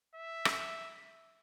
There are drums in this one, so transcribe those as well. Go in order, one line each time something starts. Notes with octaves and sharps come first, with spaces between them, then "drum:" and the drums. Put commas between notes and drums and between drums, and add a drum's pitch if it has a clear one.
E5
drum: rim click